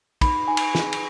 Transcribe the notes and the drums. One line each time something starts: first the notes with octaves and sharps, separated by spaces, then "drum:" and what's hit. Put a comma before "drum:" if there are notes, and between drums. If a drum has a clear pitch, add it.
D#4 B5, drum: kick, cymbal
D#4 G#5
drum: cymbal
G#4, drum: snare
drum: cymbal